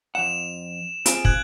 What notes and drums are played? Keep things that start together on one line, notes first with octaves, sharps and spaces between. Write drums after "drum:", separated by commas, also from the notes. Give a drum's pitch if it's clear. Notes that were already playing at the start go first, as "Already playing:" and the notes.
F2 F#5 E7 F7
C4 F4 G#4 D7, drum: hi-hat
F#6 G#6 F#7, drum: kick